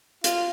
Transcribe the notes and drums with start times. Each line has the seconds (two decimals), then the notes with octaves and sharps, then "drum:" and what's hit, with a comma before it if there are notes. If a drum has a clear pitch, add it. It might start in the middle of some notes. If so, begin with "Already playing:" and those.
0.24 F4, drum: hi-hat